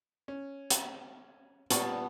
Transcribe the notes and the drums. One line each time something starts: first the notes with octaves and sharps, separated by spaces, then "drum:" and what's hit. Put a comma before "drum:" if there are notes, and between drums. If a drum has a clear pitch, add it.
C#4
drum: hi-hat
A#2 G3 B3 A5 C#6, drum: hi-hat